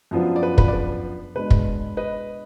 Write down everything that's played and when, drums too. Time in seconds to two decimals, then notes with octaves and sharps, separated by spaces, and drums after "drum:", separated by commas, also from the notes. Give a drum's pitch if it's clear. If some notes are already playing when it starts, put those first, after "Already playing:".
0.11 F#2 F3 B3 D4 F4
0.36 D5
0.43 B4
0.58 B4, drum: kick
0.68 D5
0.73 B4
1.35 B2 G#3 D4 B4
1.51 drum: kick
1.97 B4 D#5